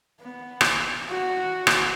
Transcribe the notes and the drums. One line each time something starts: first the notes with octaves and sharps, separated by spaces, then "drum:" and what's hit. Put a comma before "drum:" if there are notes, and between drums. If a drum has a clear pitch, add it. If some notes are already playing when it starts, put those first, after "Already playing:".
B3
drum: rim click
F#4
drum: rim click